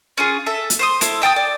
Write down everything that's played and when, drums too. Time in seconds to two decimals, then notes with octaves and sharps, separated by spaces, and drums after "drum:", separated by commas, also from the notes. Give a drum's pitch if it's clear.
0.18 C#4 F4 G#4
0.46 A4 E5
0.70 drum: hi-hat
0.79 C5 C6 D#6
1.01 E4 A4 C5, drum: hi-hat
1.22 E5 G5 A5 D#6
1.36 D5